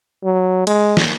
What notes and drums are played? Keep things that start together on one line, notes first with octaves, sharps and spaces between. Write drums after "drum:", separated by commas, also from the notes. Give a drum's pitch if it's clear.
F#3
G#3, drum: cymbal
drum: snare